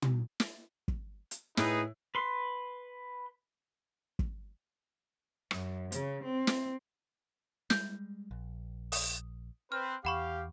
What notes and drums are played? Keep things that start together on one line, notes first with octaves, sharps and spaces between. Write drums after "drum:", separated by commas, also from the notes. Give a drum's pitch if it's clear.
drum: tom
drum: snare
drum: kick
drum: hi-hat
A2 D#4 G#4 B4, drum: snare
B4 C6
drum: kick
F#2, drum: rim click
C#3, drum: hi-hat
C4
drum: snare
G3 G#3 G6, drum: snare
A#1
D#6, drum: open hi-hat
C4 B4 F6
E2 G4 F5 F#5 B5 C#6